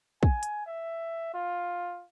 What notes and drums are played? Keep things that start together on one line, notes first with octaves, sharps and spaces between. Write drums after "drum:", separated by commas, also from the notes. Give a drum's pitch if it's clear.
G#5, drum: kick
drum: hi-hat
E5
F4